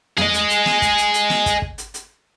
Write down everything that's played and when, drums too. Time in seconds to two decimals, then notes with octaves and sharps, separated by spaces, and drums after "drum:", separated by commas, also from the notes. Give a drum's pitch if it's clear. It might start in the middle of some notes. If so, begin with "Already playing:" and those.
0.18 G#4 D#5, drum: tom
0.34 drum: hi-hat
0.50 drum: hi-hat
0.66 drum: snare
0.82 drum: kick, hi-hat
0.98 drum: hi-hat
1.14 drum: hi-hat
1.30 drum: snare
1.46 drum: kick, hi-hat
1.62 drum: kick
1.78 drum: hi-hat
1.94 drum: hi-hat